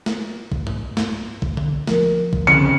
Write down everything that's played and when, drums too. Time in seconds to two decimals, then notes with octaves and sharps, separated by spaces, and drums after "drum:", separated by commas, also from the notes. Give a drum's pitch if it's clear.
0.06 drum: snare
0.52 drum: kick A#1
0.67 drum: tom G2
0.97 drum: snare
1.42 drum: kick A#1
1.57 drum: tom D3
1.87 F3 A#4, drum: snare
2.33 drum: kick A#1
2.47 F2 C#3 C#7, drum: tom D3